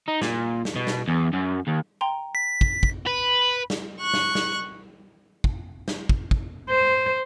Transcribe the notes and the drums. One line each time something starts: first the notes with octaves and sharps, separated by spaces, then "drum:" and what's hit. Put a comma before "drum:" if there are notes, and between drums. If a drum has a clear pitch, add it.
D#4
A#2, drum: snare
drum: snare
B2
drum: snare
E2
F#2
D#2
G5 A#5 C6
B6
drum: kick
drum: kick
B4
drum: snare
C#6 F#6
drum: snare
drum: snare
drum: kick
drum: snare
drum: kick
drum: kick
C5